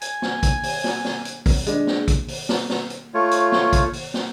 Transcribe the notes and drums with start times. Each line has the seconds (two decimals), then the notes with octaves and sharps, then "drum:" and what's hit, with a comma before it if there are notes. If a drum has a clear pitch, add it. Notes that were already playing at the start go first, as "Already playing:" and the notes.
0.01 G#5, drum: hi-hat
0.22 drum: snare
0.43 drum: kick, hi-hat
0.63 drum: open hi-hat
0.84 drum: snare
1.05 drum: snare
1.25 drum: hi-hat
1.46 drum: kick, open hi-hat
1.67 G#3 D4, drum: hi-hat
1.87 drum: snare
2.08 drum: kick, hi-hat
2.28 drum: open hi-hat
2.49 drum: snare
2.70 drum: snare
2.90 drum: hi-hat
3.14 A3 F4 C#5
3.31 drum: hi-hat
3.52 drum: snare
3.73 drum: kick, hi-hat
3.93 drum: open hi-hat
4.14 drum: snare